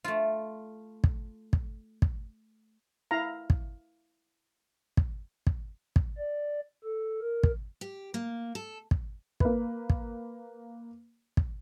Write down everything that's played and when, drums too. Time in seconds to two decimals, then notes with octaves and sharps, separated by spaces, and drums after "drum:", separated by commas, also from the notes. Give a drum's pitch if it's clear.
0.04 A3 F4
1.04 drum: kick
1.53 drum: kick
2.02 drum: kick
3.11 E4 F5 A#5
3.50 drum: kick
4.97 drum: kick
5.47 drum: kick
5.96 drum: kick
6.18 D5
6.84 A4
7.21 A#4
7.44 drum: kick
7.81 G4
8.14 A#3
8.55 A4
8.91 drum: kick
9.40 A#3 B4, drum: kick
9.90 drum: kick
11.37 drum: kick